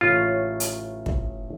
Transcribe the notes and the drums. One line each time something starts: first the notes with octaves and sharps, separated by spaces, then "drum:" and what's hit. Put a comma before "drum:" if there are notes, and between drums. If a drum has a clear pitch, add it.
A1 A2 F4 C#5
drum: hi-hat
drum: kick